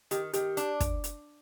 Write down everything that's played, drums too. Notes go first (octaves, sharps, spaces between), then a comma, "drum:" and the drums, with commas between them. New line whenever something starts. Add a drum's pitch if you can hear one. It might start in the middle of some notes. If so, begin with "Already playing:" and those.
D#3 G4, drum: hi-hat
D#3 G4, drum: hi-hat
D4, drum: hi-hat
drum: kick, hi-hat
drum: hi-hat